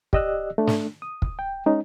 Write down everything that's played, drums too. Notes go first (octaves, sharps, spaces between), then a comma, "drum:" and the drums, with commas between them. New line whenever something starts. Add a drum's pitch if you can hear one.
G4 D5 D#5 E6 F#6, drum: kick
A3 D4
drum: snare
D#6
drum: kick
G5
G#3 C#4 D#4